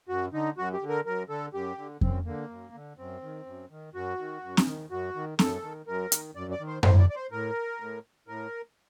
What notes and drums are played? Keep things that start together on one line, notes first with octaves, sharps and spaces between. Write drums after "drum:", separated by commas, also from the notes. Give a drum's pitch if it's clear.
F#2 F#4
D3 D#4
F#2 F#4
G4
D3
A#4
F#2 A#4
D3 A4
F#2 G4
D3
F#2 C4, drum: kick F2
D3 A#3
F#2
D3
F#2 C4
D#3
F#2
D#3
F#2 F#4
D#3
F#2
drum: snare C4
D#3
F#2 F#4
D#3
F#2 A4, drum: snare C4
D#3
F#2 A#4
D#3, drum: hi-hat
F#2 D5
D5
D#3
C5
A2 C5, drum: tom F#2
D5
D5
C5
A2 A#4
A2
A2 A#4